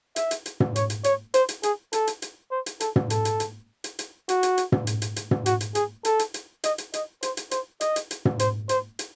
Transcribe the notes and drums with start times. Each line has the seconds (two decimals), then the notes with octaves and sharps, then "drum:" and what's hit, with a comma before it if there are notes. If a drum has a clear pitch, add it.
0.16 E5, drum: hi-hat
0.31 drum: hi-hat
0.46 drum: hi-hat
0.60 drum: tom
0.76 C#5, drum: hi-hat
0.90 drum: hi-hat
1.04 C#5, drum: hi-hat
1.34 C5, drum: hi-hat
1.49 drum: hi-hat
1.63 G#4, drum: hi-hat
1.93 A4, drum: hi-hat
2.07 drum: hi-hat
2.22 drum: hi-hat
2.51 C5
2.66 drum: hi-hat
2.80 A4, drum: hi-hat
2.96 drum: tom
3.10 A4, drum: hi-hat
3.25 drum: hi-hat
3.40 drum: hi-hat
3.84 drum: hi-hat
3.99 drum: hi-hat
4.29 F#4, drum: hi-hat
4.43 drum: hi-hat
4.58 drum: hi-hat
4.72 drum: tom
4.87 drum: hi-hat
5.02 drum: hi-hat
5.16 drum: hi-hat
5.31 drum: tom
5.46 F#4, drum: hi-hat
5.61 drum: hi-hat
5.75 G#4, drum: hi-hat
6.05 A4, drum: hi-hat
6.19 drum: hi-hat
6.34 drum: hi-hat
6.64 D#5, drum: hi-hat
6.78 drum: hi-hat
6.94 D#5, drum: hi-hat
7.23 C5, drum: hi-hat
7.37 drum: hi-hat
7.51 C5, drum: hi-hat
7.81 D#5, drum: hi-hat
7.96 drum: hi-hat
8.11 drum: hi-hat
8.25 drum: tom
8.39 C5, drum: hi-hat
8.69 C5, drum: hi-hat
8.99 drum: hi-hat